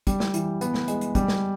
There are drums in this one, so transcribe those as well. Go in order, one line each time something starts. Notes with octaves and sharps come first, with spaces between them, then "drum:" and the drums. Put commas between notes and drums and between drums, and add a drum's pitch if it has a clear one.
G3, drum: kick, hi-hat
drum: snare
E3, drum: hi-hat
B3, drum: hi-hat
drum: snare
G#3, drum: hi-hat
drum: hi-hat
G3, drum: kick, hi-hat
drum: snare